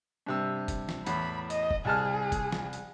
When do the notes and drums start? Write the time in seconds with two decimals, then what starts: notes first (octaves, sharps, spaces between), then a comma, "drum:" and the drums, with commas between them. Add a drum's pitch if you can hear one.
0.26 G2 C3 E6
0.68 drum: kick, hi-hat
0.89 drum: snare
1.06 E2 A2 B5, drum: hi-hat
1.50 D#5, drum: hi-hat
1.71 drum: kick
1.85 C2 G#4 A5 F6
2.32 drum: kick, hi-hat
2.52 drum: snare
2.73 drum: hi-hat